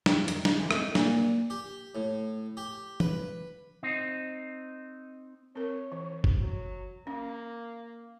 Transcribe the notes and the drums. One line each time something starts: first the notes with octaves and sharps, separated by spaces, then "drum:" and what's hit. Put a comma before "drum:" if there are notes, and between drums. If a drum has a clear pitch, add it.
F3 E5 G5, drum: snare
D#3 G3, drum: hi-hat
D#4, drum: snare
D2 D3 E3 G#3 C#4
G3 A3 C4 D#4, drum: rim click
A#2, drum: snare
G4
A2
G4
B4, drum: tom
C4 D#4
C4 A#4 C#5
E3
drum: kick G1
F#3
A#3 C#4